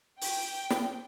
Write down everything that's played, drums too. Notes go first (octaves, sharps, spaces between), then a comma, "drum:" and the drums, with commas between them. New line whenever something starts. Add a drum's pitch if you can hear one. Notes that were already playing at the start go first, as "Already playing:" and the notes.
G5, drum: open hi-hat
drum: snare